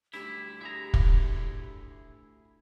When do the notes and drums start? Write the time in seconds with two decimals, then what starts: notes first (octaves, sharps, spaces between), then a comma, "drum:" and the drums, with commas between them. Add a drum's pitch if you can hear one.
0.14 D2 G3 E4 G4
0.61 E4 G#4 A#5
0.94 drum: kick